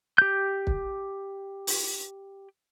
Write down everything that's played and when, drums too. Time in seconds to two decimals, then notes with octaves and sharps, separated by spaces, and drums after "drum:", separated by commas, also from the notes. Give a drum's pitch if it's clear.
0.18 G4 G6
0.67 drum: kick
1.67 drum: open hi-hat